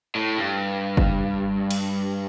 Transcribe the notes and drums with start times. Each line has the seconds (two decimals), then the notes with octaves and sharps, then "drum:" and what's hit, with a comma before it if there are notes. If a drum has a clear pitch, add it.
0.15 A2
0.38 G2
0.97 drum: kick F#1
1.71 drum: cymbal